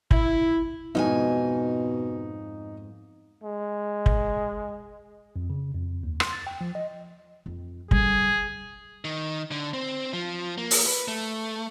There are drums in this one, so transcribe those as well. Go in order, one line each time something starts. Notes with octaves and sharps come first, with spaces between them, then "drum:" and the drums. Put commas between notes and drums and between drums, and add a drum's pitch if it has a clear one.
E4, drum: kick
F2 G#2 B2 D#4 G#5
G#3
drum: kick
F2
C#3
F2
D#2
C6, drum: rim click
A6
G5
F3
D#5
F2
D3 G3 G#4, drum: kick
D#3
D3
C4
F3
A#3
drum: open hi-hat
B4
A3